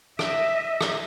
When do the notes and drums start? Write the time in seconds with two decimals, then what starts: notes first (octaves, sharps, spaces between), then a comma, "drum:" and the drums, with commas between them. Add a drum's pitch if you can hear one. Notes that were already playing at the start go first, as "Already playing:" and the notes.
0.19 D#5 E5, drum: rim click
0.81 drum: rim click